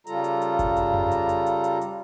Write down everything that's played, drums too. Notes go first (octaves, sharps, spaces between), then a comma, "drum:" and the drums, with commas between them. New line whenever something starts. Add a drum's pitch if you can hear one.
C#3 G3 F4 A4 A#5, drum: hi-hat
drum: hi-hat
drum: hi-hat
drum: kick G1, hi-hat
drum: hi-hat
drum: tom F2
drum: hi-hat
drum: hi-hat
drum: hi-hat
drum: hi-hat
drum: hi-hat